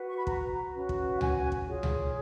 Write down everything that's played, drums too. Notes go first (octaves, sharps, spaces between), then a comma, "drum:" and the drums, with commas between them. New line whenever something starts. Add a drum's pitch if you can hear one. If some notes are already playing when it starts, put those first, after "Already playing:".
Already playing: F#4 B4
C#6
B5
A#5, drum: kick
C#4 F#4 B4
drum: kick
F#5
G#5, drum: tom C#2
drum: kick
F4 G#4 C#5
drum: tom C#2